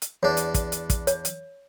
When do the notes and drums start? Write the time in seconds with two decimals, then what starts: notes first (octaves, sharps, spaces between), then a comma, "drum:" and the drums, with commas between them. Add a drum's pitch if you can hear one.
0.02 drum: hi-hat
0.23 E2 D4 C#5
0.37 drum: hi-hat
0.55 drum: kick, hi-hat
0.72 drum: hi-hat
0.90 drum: kick, hi-hat
1.07 C#5, drum: hi-hat
1.25 drum: hi-hat